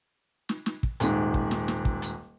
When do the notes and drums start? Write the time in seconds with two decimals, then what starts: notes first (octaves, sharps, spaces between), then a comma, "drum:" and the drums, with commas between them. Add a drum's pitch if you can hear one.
0.49 drum: snare
0.66 drum: snare
0.83 drum: kick
1.00 D#1 G#2, drum: hi-hat
1.34 drum: kick
1.51 drum: snare
1.68 drum: snare
1.85 drum: kick
2.02 drum: hi-hat